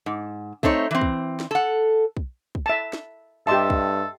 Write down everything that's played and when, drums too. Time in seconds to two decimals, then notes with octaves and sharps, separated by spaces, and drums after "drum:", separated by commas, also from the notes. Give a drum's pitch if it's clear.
0.06 G#2
0.63 A3 C4 D#4 C#5, drum: kick
0.91 E3 C4
1.01 drum: kick
1.40 drum: snare
1.51 A4 F#5
2.17 drum: kick
2.55 drum: kick
2.66 E5 A5
2.93 drum: snare
3.47 G2 G4 A4 D#5 E5 A5 C6
3.70 drum: kick